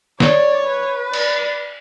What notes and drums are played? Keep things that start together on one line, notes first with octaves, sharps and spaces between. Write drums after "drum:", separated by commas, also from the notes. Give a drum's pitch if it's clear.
C#5 D5, drum: snare
B4
D5, drum: cymbal